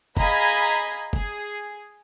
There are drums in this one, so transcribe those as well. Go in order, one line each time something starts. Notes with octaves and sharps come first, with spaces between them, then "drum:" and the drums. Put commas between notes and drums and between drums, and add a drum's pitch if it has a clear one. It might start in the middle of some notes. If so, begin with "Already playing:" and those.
G#4 D#5 F5 G#5 A#5 B5, drum: kick
G#4, drum: kick